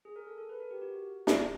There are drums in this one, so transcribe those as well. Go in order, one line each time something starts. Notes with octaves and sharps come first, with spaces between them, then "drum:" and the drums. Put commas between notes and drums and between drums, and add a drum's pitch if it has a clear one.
G#4
A#4
A4
A4
B4
A#4
G4
F#4
drum: snare